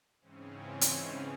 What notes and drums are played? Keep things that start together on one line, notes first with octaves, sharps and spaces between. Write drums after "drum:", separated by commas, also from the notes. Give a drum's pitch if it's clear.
G#2 C#3 E3 C4 C#4
drum: hi-hat